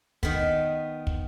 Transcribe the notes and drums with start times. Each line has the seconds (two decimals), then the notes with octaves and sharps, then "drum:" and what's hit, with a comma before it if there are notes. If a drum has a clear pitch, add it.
0.23 D#3 B3, drum: kick
1.07 drum: kick